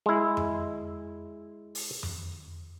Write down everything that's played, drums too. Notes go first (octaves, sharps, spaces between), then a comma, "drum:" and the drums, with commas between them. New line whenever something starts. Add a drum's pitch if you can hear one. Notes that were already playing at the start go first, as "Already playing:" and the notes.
G#3 E4
drum: tom F2
drum: open hi-hat
drum: tom F2